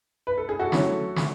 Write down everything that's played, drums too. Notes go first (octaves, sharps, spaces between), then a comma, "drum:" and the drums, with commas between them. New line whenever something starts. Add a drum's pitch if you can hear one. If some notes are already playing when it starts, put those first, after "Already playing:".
B4
A4
G#4
F#4 A4
F#3 A3 C#4 E4, drum: snare
drum: snare